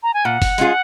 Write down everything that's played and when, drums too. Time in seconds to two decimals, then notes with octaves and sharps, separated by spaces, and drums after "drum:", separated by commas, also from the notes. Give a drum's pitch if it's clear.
0.03 A#5
0.14 G#5
0.25 A#2 F#5
0.42 drum: kick F#1, open hi-hat
0.58 G#3 C#4 F4 G#4, drum: hi-hat